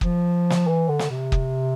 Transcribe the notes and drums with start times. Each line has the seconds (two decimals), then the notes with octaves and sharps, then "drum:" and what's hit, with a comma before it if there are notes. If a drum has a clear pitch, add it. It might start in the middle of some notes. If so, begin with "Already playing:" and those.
0.01 F3, drum: kick
0.50 drum: snare
0.67 E3
0.89 D3
0.99 drum: snare
1.10 C3
1.32 drum: kick